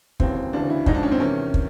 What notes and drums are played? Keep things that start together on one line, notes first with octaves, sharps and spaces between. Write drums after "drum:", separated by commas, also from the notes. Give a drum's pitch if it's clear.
E1 D#2 C#3 E3 C4, drum: kick
D2 C#3 E3 D4
E4
G#1 G#2 F3 D#4, drum: kick
D4
C#4
C4
E2 C3 D#3 C#4
drum: kick